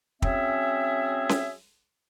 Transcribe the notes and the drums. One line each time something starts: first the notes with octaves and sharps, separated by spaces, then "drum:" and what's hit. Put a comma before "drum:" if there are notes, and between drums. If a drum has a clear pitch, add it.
F#3 C4 C#4 G#4 E5, drum: kick
drum: snare C#4